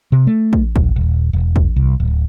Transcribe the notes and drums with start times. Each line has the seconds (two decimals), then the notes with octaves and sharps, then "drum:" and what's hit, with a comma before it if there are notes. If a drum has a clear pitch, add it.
0.12 C3
0.27 A3
0.53 drum: kick
0.76 D#1, drum: kick
0.96 D#1
1.33 E1
1.56 drum: kick
1.76 C2
2.00 D1